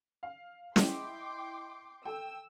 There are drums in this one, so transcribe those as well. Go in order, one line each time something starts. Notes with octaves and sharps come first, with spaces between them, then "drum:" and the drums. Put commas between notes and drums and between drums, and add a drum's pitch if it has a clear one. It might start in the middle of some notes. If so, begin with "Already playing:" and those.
F5
E4 D#5 G5 C6 D6, drum: snare
A4 G5 E6